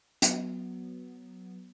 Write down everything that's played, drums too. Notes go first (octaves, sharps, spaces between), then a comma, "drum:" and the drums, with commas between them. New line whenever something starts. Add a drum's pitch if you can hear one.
F#3 B3, drum: hi-hat